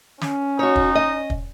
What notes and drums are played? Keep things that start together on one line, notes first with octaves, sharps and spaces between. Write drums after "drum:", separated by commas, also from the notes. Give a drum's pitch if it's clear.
C#4, drum: snare
D#4 F#4 C#5
drum: kick
D#5
drum: kick